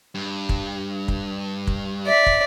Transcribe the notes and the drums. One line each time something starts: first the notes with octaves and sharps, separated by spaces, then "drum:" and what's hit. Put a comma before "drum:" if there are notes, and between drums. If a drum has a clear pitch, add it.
G2
drum: kick
drum: kick
drum: kick
D5 E5
drum: kick